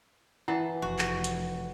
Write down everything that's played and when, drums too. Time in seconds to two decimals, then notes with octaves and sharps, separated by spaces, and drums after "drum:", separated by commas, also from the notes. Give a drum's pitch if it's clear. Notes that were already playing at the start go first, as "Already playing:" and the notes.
0.48 E3 E4 F#5 A5
0.82 F1 F#4
0.99 drum: clap
1.24 drum: hi-hat